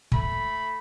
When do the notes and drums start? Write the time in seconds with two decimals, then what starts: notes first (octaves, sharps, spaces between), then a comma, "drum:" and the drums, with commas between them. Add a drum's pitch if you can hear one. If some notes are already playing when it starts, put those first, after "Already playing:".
0.12 A3 B5, drum: kick